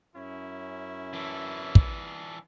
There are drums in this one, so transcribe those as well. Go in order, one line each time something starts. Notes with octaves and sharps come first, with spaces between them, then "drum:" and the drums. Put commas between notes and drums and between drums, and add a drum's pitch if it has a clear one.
F#2 C#4 E4
E3 D4
drum: kick